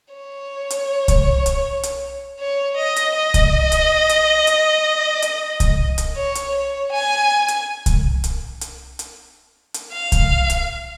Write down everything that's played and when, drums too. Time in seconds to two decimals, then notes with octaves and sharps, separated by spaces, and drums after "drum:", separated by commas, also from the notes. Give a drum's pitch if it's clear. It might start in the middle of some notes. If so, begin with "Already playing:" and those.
0.14 C#5
0.70 drum: hi-hat
1.08 drum: kick C2, hi-hat
1.46 drum: hi-hat
1.83 drum: hi-hat
2.40 C#5
2.77 D#5
2.96 drum: hi-hat
3.15 D#5
3.34 drum: kick C2, hi-hat
3.72 drum: hi-hat
4.09 drum: hi-hat
4.47 drum: hi-hat
5.22 drum: hi-hat
5.60 drum: kick C2, hi-hat
5.98 drum: hi-hat
6.16 C#5
6.35 drum: hi-hat
6.55 C#5
6.92 G#5
7.48 drum: hi-hat
7.86 drum: kick C2, hi-hat
8.24 drum: hi-hat
8.61 drum: hi-hat
8.99 drum: hi-hat
9.74 drum: hi-hat
9.93 F5
10.12 drum: kick C2, hi-hat
10.50 drum: hi-hat